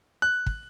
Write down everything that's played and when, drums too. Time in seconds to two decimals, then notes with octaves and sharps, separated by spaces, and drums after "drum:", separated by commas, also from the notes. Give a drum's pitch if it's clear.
0.22 F#6
0.46 drum: kick